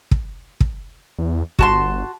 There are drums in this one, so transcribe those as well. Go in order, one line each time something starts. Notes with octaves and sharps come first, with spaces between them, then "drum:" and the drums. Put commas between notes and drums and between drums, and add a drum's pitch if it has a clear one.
drum: kick
drum: kick
E2
G1 F#4 A5 C6, drum: kick